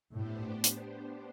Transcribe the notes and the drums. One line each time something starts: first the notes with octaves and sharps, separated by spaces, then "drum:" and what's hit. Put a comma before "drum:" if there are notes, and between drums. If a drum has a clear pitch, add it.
A2 B3 D4 G4 C5
drum: hi-hat